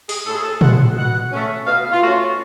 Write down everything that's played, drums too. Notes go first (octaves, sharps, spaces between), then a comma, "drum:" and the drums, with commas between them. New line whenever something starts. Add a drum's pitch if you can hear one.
G#4, drum: open hi-hat
A2 A4
G#4
A4
G#3 B3 F#5, drum: tom
B2 F#5
A3 C#4
B2 F5
F4
A3 C#4 F#4